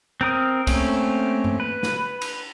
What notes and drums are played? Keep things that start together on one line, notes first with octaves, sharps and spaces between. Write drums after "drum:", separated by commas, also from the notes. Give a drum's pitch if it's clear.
C4 A#4 D#6
A3 A#3 C4 C#4, drum: kick, cymbal
drum: tom G2
B4
drum: snare
drum: cymbal